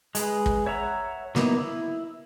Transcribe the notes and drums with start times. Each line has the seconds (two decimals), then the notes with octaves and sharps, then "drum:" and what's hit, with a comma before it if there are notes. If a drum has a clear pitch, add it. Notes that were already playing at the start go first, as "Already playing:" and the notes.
0.15 G#3 G#4 B4, drum: hi-hat
0.46 drum: kick
0.66 C#5 E5 F#5 A#5
1.35 F#3 A#3 B3 D#4 E4, drum: snare
1.59 E4